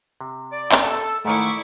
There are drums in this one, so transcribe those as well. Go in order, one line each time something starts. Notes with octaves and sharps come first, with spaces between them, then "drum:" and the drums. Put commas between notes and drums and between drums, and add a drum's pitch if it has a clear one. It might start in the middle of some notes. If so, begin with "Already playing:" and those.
C3
D5
drum: clap
A4
G#2 D#3 A3 E4 D5 E5 C#6